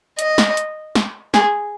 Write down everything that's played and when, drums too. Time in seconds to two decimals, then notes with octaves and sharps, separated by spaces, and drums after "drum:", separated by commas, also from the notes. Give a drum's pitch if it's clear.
0.19 D#5, drum: hi-hat
0.38 drum: snare
0.57 drum: hi-hat
0.95 drum: snare
1.34 G#4, drum: snare